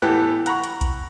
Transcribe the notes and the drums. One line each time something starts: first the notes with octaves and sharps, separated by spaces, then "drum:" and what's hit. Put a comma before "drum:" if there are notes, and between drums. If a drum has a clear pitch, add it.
A2 E3 B3 G4 A4 F#6
F#5 A#5 B5 C#6, drum: hi-hat
drum: hi-hat
drum: kick B1, hi-hat